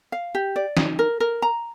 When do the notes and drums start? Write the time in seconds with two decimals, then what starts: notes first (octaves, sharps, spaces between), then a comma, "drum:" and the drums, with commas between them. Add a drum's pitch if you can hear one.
0.12 F5
0.35 G4
0.56 D5
0.77 D#4, drum: snare
0.99 A#4
1.20 A#4
1.42 A#5